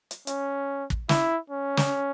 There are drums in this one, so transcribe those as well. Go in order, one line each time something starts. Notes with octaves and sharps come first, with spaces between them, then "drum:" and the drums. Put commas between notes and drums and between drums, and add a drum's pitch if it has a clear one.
drum: hi-hat
C#4, drum: hi-hat
drum: kick
E4, drum: snare
C#4
drum: snare